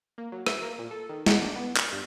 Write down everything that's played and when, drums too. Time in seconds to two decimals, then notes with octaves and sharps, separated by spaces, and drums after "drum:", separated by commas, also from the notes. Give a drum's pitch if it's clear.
0.18 A#3
0.32 F#3
0.46 E4, drum: rim click
0.63 A#3
0.79 A#2
0.91 A4
1.09 D#3
1.26 B3, drum: snare
1.42 D4
1.56 B3
1.77 C#6, drum: clap
1.92 G2